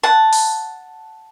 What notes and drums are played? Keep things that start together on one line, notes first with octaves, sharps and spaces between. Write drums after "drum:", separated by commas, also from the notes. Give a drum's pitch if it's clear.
F#5 A5
drum: open hi-hat